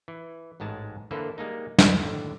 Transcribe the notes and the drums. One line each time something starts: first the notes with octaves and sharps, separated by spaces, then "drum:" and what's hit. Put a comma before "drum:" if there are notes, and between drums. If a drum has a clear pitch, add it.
E3
A1 G#2 G#3 A5
D3 E3 A#3 A4 B4 C5
G3 G#3 A#3 D#4
E4, drum: snare
D#2 A2 D3